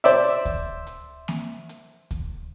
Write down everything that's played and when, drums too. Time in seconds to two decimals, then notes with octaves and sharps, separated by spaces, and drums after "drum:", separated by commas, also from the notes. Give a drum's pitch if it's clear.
0.04 C5 D5 E5, drum: hi-hat
0.45 drum: kick D2, hi-hat
0.87 drum: hi-hat
1.28 drum: snare A#3
1.69 drum: hi-hat
2.11 drum: kick D2, hi-hat